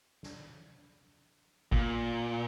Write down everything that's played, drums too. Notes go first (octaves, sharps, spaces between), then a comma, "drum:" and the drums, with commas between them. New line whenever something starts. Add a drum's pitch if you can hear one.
drum: snare
A#2, drum: kick G1